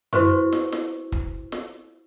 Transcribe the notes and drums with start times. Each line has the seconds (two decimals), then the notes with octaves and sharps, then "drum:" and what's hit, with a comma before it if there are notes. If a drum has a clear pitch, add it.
0.13 E4 F#4 B4 C5 C#6, drum: tom F#2
0.52 drum: snare
0.72 drum: snare
1.12 drum: kick
1.52 drum: snare